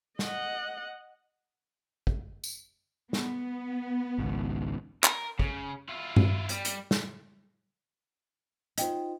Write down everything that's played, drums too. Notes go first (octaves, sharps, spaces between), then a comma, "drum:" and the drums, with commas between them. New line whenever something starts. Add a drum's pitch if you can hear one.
D#5 F#5, drum: snare
drum: kick
drum: tambourine
B3, drum: snare
G#1 C#2
A#4, drum: clap
C#3, drum: kick
E4 F4
drum: tom G2
G3, drum: hi-hat
drum: hi-hat
drum: snare
D#4 F4 C5 D#5 G5, drum: hi-hat